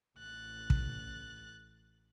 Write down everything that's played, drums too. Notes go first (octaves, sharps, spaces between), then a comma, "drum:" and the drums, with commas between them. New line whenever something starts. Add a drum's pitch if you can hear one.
A1 F#6 A6
drum: kick